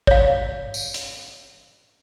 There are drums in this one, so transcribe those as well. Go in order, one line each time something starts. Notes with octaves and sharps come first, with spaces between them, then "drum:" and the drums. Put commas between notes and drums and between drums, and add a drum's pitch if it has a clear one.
C#5 F5, drum: kick
drum: tambourine
drum: hi-hat